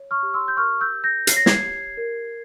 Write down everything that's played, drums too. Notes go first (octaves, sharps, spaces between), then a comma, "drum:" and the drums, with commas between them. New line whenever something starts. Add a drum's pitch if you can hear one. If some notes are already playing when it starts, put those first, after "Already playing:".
Already playing: C#5
C#6 F6
G4
C6 E6
G6
A#4 C#6 F6
E6 G6
G4
G6 A#6
C#5 C7, drum: hi-hat
A#6
G#6 C7, drum: snare
G4
A#4